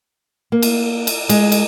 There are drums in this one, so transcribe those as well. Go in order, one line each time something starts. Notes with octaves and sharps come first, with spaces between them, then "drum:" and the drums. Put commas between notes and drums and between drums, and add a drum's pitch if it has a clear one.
A#3
drum: cymbal
drum: cymbal
G#3, drum: cymbal
drum: cymbal